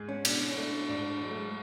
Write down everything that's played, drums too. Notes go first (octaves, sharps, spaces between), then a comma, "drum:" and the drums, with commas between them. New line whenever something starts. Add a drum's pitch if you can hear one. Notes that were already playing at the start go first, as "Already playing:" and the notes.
Already playing: G#2 G#3
C#4
B2 D4, drum: cymbal
C#4
A3 D4
G#2 D4
F#3 G#3
A3
G#3